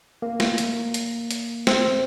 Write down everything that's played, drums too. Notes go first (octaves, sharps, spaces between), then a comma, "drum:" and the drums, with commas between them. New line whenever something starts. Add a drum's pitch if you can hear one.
A#3
drum: snare
drum: hi-hat
drum: hi-hat
drum: hi-hat
C4, drum: snare